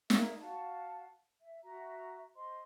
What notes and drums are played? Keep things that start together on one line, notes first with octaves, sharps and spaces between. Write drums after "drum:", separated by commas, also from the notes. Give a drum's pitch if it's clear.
G#4 A#4 E5 F5, drum: snare
F#4 F5 F#5 A5
E5
F#4 E5 A#5
C5 D#5 C6